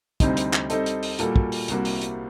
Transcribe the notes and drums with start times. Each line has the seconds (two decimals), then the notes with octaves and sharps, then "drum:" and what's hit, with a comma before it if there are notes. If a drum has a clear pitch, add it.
0.20 D2 C3 G3 C4 D#4, drum: kick, hi-hat
0.37 drum: hi-hat
0.53 drum: clap
0.70 G3 C4 D#4 A4 D#5, drum: hi-hat
0.86 drum: hi-hat
1.03 drum: open hi-hat
1.19 A#2 G3 A#3 F#4 A4, drum: hi-hat
1.36 drum: kick
1.52 drum: open hi-hat
1.68 C2 C3 G3 A#3 F#4, drum: hi-hat
1.85 drum: open hi-hat
2.01 drum: hi-hat